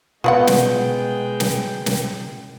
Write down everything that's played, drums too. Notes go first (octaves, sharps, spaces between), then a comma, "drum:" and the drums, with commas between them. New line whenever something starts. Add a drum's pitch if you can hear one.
B2 G#3 B3 F4 D5 F#5 G5
drum: snare
drum: snare
drum: snare